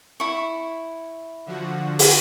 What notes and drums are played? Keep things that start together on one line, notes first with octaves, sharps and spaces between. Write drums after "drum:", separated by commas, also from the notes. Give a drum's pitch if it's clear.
E4 C#6
D3 F3 F#4
drum: open hi-hat